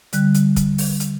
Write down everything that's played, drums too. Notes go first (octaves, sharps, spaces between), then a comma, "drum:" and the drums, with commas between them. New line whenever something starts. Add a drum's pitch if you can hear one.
D3 G3 F#6, drum: hi-hat
drum: hi-hat
drum: kick, hi-hat
drum: open hi-hat
drum: hi-hat